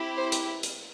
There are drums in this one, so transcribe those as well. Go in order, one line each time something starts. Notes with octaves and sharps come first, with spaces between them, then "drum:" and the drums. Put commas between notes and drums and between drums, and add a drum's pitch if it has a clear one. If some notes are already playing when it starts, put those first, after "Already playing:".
Already playing: C4 E4 G4
C5
drum: hi-hat
drum: hi-hat